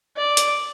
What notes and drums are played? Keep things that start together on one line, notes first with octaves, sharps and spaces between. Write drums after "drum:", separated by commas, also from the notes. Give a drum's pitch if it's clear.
D5
drum: hi-hat